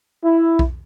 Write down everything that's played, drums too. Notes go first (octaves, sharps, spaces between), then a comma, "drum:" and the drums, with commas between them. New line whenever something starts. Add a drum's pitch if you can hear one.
E4
drum: kick